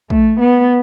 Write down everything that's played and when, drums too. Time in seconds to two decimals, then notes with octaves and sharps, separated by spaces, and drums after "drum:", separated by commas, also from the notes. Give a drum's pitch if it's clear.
0.10 A3, drum: kick
0.40 B3